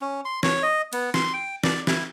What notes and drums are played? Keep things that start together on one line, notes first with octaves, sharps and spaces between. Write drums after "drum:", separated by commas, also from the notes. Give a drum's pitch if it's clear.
C#4
C6
C#5, drum: snare
D#5
B3, drum: cymbal
C6, drum: snare
G5
D5, drum: snare
E4, drum: snare